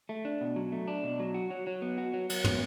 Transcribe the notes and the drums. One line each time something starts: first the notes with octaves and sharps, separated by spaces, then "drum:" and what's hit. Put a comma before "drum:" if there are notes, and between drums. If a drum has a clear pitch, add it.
A3
D4
B2
F#3
A3
D4
B2
F#3
F#4
F#3
F#3
B3
F#4
F#3
F#3, drum: cymbal
B3, drum: tom